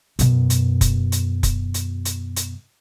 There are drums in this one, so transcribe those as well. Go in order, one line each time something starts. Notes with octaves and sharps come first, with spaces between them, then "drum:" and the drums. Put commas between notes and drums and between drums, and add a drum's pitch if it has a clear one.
F#2 B2, drum: hi-hat
drum: hi-hat
drum: kick F1, hi-hat
drum: hi-hat
drum: kick F1, hi-hat
drum: hi-hat
drum: hi-hat
drum: hi-hat